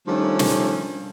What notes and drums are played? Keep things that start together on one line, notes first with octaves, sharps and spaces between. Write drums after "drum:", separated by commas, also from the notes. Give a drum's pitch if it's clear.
D#3 F3 G3 A3 C#4 D4
drum: snare